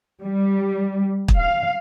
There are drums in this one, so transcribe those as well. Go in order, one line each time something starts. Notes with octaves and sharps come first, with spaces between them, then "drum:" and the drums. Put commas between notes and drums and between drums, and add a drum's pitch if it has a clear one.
G3
drum: kick
F5